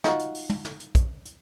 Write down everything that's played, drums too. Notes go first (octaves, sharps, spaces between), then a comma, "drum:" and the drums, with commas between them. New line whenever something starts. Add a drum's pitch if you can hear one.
D#4 F4 F#4, drum: snare
drum: hi-hat
drum: open hi-hat
drum: tom
drum: snare
drum: hi-hat
drum: kick, hi-hat
drum: hi-hat